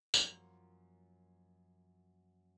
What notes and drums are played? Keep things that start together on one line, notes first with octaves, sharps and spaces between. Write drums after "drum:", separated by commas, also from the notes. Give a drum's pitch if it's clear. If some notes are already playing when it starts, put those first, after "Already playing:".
F#2 F3 A#3 C#4, drum: tambourine